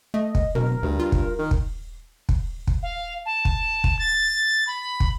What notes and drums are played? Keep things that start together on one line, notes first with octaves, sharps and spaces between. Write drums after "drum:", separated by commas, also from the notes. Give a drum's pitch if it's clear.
A3 D#5
drum: kick
D1 B2 A#4
D2 G2
F4
drum: kick
D#3
drum: kick
drum: kick
drum: kick
F5
A5
drum: kick
drum: kick
A6
B5
drum: kick